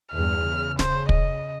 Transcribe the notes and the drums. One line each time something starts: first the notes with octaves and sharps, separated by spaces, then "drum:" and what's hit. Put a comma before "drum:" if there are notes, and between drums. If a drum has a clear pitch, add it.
E2 G2 F6
C#3
C5, drum: snare
D#5, drum: kick